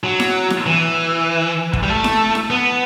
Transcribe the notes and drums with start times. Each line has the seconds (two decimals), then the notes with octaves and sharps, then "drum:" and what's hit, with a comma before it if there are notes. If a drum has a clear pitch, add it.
0.04 F#3
0.20 drum: snare E4
0.50 drum: snare E4
0.66 E3
1.73 drum: kick
1.83 G3
1.89 A3
2.04 drum: snare E4
2.35 drum: snare E4
2.51 B3